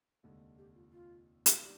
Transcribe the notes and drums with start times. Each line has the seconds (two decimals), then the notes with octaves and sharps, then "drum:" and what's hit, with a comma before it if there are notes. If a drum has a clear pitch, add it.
0.23 F1 D#2 D3 G#3
0.58 G4
0.75 F4
0.92 F4
1.46 drum: hi-hat
1.60 D#3 G3 D4 G4